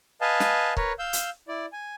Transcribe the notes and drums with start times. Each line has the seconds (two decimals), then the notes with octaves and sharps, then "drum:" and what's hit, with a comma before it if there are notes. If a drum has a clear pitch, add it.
0.21 B4 D#5 F5 G#5 A5
0.40 drum: snare
0.77 A#4 B4 C#5, drum: kick C#1
0.99 F5 E6 G6
1.13 drum: hi-hat
1.48 E4 D5
1.73 G#5